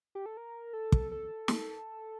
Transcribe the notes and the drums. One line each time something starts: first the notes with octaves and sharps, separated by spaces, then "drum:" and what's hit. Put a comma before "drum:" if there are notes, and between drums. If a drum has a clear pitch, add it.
G4
A4
A#4
A4
drum: kick
A4
drum: snare